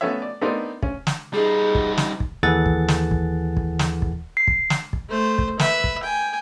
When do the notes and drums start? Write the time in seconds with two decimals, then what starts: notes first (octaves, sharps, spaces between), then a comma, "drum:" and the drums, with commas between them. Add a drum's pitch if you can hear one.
0.01 A3 B3 C#4 F#4 C#5 E5
0.22 D5
0.41 A3 B3 C4 D4 D#4 A#4
0.82 C#4, drum: kick
1.07 drum: snare
1.34 G3 D#4 G#4
1.75 drum: kick
1.98 drum: snare
2.20 drum: kick
2.43 D#2 E3 G#4 A4 F#5 A6
2.66 drum: kick
2.88 drum: snare
3.11 drum: kick
3.57 drum: kick
3.79 drum: snare
4.02 drum: kick
4.37 C7
4.47 drum: kick
4.70 drum: snare
4.93 drum: kick
5.09 A3 C5
5.38 drum: kick
5.59 B4 E5, drum: snare
5.84 drum: kick
6.03 G5 G#5